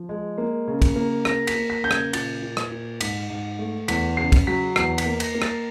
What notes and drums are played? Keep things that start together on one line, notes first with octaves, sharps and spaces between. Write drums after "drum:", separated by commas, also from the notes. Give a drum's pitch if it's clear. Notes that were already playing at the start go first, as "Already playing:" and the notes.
Already playing: F3
G#3
A#3
C#3
drum: kick, cymbal
A#3
A#3 A#6, drum: rim click
B6, drum: cymbal
A#3
B6
C#3 G6
G#6, drum: rim click
A#2 A6, drum: cymbal
A#2
drum: rim click
A#2
G#2 B6, drum: cymbal
G#2
A3
E2 B6, drum: cymbal
C#3 C7
drum: kick, cymbal
F#3 B6
E2 C7, drum: rim click
B6, drum: cymbal
A#3
A#6, drum: cymbal
A#3
A6, drum: rim click